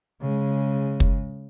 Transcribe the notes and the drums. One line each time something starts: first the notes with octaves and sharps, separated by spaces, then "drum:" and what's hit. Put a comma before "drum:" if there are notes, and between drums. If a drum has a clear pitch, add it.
C#3 G#3
drum: kick